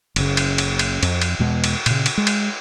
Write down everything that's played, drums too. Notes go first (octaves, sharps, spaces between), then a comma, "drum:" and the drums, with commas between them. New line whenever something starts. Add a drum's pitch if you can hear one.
F#1 C#3, drum: cymbal
drum: cymbal
drum: cymbal
drum: cymbal
F2, drum: cymbal
drum: cymbal
E2 B2 G#3 B3
drum: cymbal
A#2 C#3, drum: cymbal
drum: cymbal
G#3
drum: cymbal